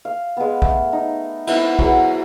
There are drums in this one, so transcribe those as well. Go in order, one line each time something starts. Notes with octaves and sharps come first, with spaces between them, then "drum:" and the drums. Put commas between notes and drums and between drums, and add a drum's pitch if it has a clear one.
F5
G#3 B3
A3, drum: kick
D#4
B3 E4, drum: cymbal
F#3 G#4 B4, drum: kick